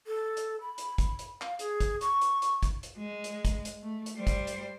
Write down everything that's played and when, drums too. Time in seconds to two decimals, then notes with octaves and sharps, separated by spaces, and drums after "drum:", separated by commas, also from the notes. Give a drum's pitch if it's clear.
0.07 A4
0.37 drum: hi-hat
0.61 B5
0.78 drum: hi-hat
0.98 drum: kick, hi-hat
1.19 drum: hi-hat
1.41 F5, drum: clap
1.59 G#4, drum: hi-hat
1.80 drum: kick, hi-hat
2.01 C#6, drum: hi-hat
2.22 drum: hi-hat
2.42 drum: hi-hat
2.63 drum: kick, hi-hat
2.83 drum: hi-hat
2.97 G#3
3.24 drum: hi-hat
3.45 drum: kick, hi-hat
3.65 drum: hi-hat
3.82 A3
4.06 drum: hi-hat
4.17 G3 C5
4.27 drum: kick, hi-hat
4.47 drum: hi-hat